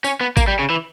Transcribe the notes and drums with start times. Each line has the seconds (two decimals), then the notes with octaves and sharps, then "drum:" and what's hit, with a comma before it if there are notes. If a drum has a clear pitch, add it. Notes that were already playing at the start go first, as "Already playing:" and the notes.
0.04 C#4, drum: tambourine
0.21 B3
0.37 A#3, drum: kick G#1, tambourine
0.48 G3
0.59 C#3
0.70 E3